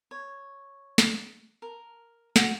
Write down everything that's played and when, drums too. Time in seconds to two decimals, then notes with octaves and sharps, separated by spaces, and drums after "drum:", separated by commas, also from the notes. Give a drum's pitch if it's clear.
0.11 C#5
0.98 drum: snare
1.62 A#4
2.36 F#4, drum: snare